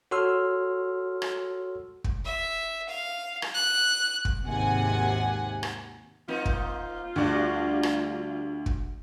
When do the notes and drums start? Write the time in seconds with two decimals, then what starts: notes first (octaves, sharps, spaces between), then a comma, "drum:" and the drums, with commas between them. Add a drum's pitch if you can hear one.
0.11 F#4 A4 C#5 C6 E6 F6
1.22 drum: rim click
2.04 drum: kick
2.25 E5
2.88 F5
3.42 drum: rim click
3.54 F#6
4.25 drum: kick
4.44 G#1 D#2 C3 F#5 G#5
5.63 drum: rim click
6.28 A#3 C4 D#4 F4
6.45 drum: kick
7.16 D2 G3 D4 F#4 D5
7.83 drum: rim click
8.66 drum: kick